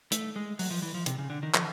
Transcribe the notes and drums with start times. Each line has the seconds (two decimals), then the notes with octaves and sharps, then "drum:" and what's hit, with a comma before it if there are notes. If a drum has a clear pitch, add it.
0.12 A3, drum: hi-hat
0.36 G#3
0.59 F#3, drum: open hi-hat
0.71 F3
0.82 E3
0.95 F3
1.06 C3, drum: hi-hat
1.18 C#3
1.30 D3
1.43 D#3
1.54 F3, drum: clap